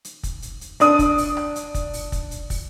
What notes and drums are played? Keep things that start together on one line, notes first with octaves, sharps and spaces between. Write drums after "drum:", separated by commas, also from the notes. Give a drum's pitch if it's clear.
drum: hi-hat
drum: kick, hi-hat
drum: hi-hat
drum: hi-hat
D4 D5 D#6, drum: hi-hat
drum: kick, hi-hat
drum: open hi-hat
drum: rim click
drum: hi-hat
drum: kick, hi-hat
drum: open hi-hat
drum: kick, hi-hat
drum: hi-hat
drum: kick, open hi-hat